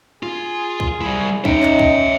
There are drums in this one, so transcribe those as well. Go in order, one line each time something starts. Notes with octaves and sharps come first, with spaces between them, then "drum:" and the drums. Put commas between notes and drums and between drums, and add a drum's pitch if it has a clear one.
F4 G#4
drum: kick
G3 E4
C#4 D#4 E5 G5, drum: kick
drum: clap
drum: kick